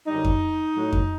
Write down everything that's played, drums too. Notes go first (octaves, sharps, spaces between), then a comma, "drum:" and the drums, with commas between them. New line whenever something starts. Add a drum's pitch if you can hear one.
F#2 D3 G3 D#4
drum: kick F2
A2 F#3
drum: kick F2